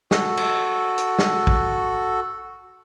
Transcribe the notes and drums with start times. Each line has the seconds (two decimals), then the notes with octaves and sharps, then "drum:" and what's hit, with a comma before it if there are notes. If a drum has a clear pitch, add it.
0.11 F#4 A4, drum: snare
0.37 drum: cymbal
0.98 drum: hi-hat
1.19 drum: snare
1.47 drum: kick